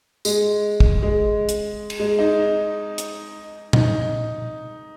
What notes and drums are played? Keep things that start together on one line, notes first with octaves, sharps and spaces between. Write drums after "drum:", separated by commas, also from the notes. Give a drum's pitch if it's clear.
G#3, drum: tambourine
drum: kick
G#3
drum: hi-hat
drum: cymbal
G#3
D#4
drum: hi-hat
D#4, drum: tom A#2